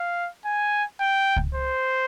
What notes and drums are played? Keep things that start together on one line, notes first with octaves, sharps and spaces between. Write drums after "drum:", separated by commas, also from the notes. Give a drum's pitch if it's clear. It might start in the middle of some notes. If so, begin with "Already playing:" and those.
Already playing: F5
G#5
G5
drum: kick C#2
C5